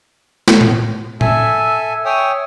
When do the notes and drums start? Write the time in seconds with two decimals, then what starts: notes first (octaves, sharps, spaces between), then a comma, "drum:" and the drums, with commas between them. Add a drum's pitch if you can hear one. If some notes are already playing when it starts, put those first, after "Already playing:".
0.48 drum: snare
0.61 drum: tom A2
1.21 A4 E5 G#5, drum: tom A2
2.05 C#5 E5 G5 G#5 D#6